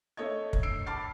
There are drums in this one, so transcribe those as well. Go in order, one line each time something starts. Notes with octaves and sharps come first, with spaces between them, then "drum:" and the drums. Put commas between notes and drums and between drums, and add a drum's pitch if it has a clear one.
A3 C#5 D#5 G#6
drum: kick
E6 C7 D7
A5 B5 D6 F6 A6 C7